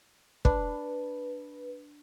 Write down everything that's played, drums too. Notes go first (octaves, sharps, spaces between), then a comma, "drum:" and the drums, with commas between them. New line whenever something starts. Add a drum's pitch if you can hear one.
D4 B4, drum: kick